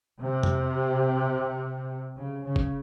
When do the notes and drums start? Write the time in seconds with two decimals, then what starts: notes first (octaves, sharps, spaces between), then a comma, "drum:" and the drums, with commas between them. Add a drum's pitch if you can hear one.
0.20 C3
0.43 drum: tom F2
2.17 C#3
2.46 C#3
2.56 drum: kick F#1